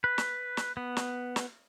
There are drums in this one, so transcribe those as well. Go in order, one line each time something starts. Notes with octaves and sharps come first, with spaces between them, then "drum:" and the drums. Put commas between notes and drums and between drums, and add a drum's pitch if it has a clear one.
B4
drum: snare
drum: snare
B3
drum: snare
drum: snare